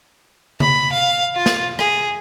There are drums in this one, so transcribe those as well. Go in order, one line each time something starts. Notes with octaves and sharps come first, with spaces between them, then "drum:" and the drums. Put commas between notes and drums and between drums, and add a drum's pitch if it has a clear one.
B5, drum: tom C#3
F5
F4
drum: snare
G#4, drum: rim click